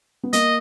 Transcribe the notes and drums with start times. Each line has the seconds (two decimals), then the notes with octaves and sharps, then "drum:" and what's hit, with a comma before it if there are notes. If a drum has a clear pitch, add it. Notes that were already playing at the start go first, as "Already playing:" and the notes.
0.23 B3
0.33 A#3 D#5, drum: hi-hat